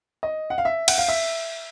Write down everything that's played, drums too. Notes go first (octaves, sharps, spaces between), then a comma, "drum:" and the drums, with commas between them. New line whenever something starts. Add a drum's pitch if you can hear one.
D#5
F#5
F5
E5
F#5, drum: cymbal
F5
E5